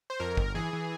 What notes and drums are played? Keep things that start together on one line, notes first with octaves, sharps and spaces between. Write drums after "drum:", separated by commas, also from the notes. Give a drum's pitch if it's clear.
C5
F2 A#4
G1, drum: kick
E3 G#4
E3